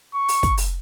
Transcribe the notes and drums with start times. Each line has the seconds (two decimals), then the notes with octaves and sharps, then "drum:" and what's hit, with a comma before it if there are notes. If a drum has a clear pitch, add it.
0.15 C#6
0.28 drum: open hi-hat
0.43 drum: kick, hi-hat
0.57 drum: open hi-hat